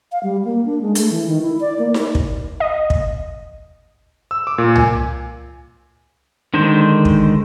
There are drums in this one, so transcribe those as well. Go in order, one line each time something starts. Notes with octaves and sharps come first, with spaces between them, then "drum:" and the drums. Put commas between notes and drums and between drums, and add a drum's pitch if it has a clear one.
F5
G3
A#3
D4
G#3
A3, drum: hi-hat
E3
D#3
E4
D5
A#3
drum: snare D#4
drum: kick
D#5
drum: kick
E6
D6
A#2
G#5, drum: tom C2
D3 D#3 G#3 C5
drum: kick